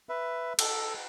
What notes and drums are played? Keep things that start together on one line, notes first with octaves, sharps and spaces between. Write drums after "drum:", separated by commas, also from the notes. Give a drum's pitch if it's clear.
B4 E5
A4, drum: cymbal